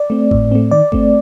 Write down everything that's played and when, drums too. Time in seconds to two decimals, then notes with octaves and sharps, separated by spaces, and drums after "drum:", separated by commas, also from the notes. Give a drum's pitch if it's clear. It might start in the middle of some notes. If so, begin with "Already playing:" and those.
Already playing: D5
0.10 A3 C4
0.31 A2, drum: kick G#1
0.52 A3 C4
0.71 D#3 D5
0.92 A3 C4, drum: kick G#1